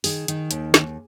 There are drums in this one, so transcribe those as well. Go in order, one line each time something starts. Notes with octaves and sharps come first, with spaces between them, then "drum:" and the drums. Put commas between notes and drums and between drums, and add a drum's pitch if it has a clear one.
D#3 G#4, drum: open hi-hat
D#3, drum: hi-hat
D#2, drum: hi-hat
D#2, drum: snare